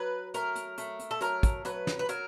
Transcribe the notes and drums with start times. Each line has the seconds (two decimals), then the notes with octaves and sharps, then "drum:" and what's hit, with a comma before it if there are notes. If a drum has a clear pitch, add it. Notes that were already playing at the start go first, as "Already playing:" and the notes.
Already playing: F#3 B4
0.34 A3 A#4, drum: hi-hat
0.55 drum: hi-hat
0.78 A3, drum: hi-hat
0.99 drum: hi-hat
1.11 A4
1.21 F#3 A#4, drum: hi-hat
1.43 drum: kick, hi-hat
1.65 F#3 B4, drum: hi-hat
1.87 drum: snare
1.99 B4
2.09 F#3 A#4, drum: hi-hat